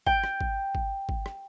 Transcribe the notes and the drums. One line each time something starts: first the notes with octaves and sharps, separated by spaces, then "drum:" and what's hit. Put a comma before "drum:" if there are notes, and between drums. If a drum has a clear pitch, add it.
G5, drum: kick G#1
drum: rim click
drum: kick G#1
drum: kick G#1
drum: kick G#1
drum: rim click